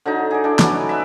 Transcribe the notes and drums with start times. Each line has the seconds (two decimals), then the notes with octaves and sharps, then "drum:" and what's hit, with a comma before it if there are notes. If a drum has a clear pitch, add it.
0.06 D3 F#3 D#4
0.31 G#4 D5
0.44 D4 E4 A4
0.59 C#4 D4 F#4 B4, drum: snare
0.74 D#4
0.89 B4 D5 E5